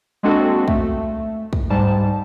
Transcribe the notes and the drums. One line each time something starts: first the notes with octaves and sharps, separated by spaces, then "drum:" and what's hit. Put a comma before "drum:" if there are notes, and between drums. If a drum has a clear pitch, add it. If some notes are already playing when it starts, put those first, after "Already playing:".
G#3 A#3 C4 D4 F#4 A4
A3, drum: kick
drum: kick
G#2 G3 A5